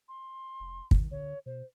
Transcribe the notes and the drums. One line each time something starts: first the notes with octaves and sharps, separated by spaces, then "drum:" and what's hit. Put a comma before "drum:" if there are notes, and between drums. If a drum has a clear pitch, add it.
C6
F1
D#3, drum: kick
D3 C#5
B2 C5